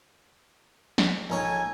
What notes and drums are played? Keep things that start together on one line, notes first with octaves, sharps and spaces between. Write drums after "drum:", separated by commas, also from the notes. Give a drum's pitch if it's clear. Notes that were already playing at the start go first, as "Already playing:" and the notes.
drum: snare
A#1 D#4 A4 C#5 G#5